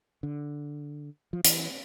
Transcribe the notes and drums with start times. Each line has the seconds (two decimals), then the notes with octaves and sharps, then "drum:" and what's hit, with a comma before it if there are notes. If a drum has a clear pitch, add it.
0.23 D3
1.33 F3
1.45 E3, drum: hi-hat